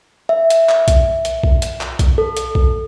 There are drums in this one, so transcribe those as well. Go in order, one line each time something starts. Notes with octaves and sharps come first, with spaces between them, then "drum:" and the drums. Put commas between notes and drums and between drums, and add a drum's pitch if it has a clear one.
E5
drum: hi-hat
drum: clap
drum: kick B1, hi-hat
drum: hi-hat
drum: kick B1
drum: hi-hat
drum: clap
drum: kick B1, hi-hat
A4
drum: hi-hat
drum: kick B1